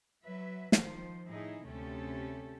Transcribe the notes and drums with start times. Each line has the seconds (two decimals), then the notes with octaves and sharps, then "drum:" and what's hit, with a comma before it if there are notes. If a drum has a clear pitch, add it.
0.23 F#3 B4 E5
0.72 D#3 F3 C5, drum: snare
1.28 A2 D#4 E4 G#4
1.64 D2 C3 A3 C#4 G4 A4